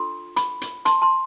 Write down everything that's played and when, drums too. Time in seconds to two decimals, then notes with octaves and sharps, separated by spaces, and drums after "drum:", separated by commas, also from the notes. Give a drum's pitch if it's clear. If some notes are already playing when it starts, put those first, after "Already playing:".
Already playing: D4 F4 A4 C6
0.36 B5 D6, drum: hi-hat
0.61 drum: hi-hat
0.85 A5 C6, drum: hi-hat
1.02 A5 C6